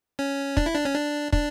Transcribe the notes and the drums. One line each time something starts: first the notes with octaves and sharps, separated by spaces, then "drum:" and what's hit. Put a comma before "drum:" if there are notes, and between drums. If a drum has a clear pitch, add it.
C#4
D4, drum: kick
E4
D4
C#4
D4
D4, drum: kick